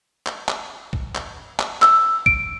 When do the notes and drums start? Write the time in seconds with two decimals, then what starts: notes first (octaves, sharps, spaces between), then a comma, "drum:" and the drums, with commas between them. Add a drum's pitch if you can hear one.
0.26 drum: clap
0.49 drum: clap
0.93 drum: kick
1.15 drum: clap
1.59 drum: clap
1.82 E6, drum: clap
2.26 D7, drum: kick